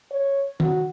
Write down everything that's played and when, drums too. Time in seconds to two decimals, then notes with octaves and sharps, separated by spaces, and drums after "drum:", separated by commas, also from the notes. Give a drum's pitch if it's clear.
0.12 C#5
0.60 F#4, drum: tom